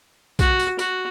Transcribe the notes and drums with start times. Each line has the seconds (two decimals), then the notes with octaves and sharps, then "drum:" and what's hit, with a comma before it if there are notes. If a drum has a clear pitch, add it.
0.39 F#4, drum: kick B1, tambourine
0.59 drum: tambourine
0.79 F#4, drum: tambourine